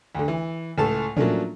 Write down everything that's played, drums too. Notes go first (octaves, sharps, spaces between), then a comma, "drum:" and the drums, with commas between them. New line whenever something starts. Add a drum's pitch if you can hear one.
D2 D3
E3
C#2 A2 A4 A5
F3 F#3 A3 A#3 C#4 D4, drum: tom